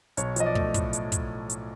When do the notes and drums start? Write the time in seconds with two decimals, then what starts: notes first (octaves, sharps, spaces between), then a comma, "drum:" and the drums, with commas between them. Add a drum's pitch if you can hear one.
0.17 B1 C#5, drum: hi-hat
0.36 F3 D#5, drum: hi-hat
0.46 D5
0.55 A3, drum: kick
0.74 A2, drum: kick, hi-hat
0.93 drum: hi-hat
1.12 drum: kick, hi-hat
1.50 drum: hi-hat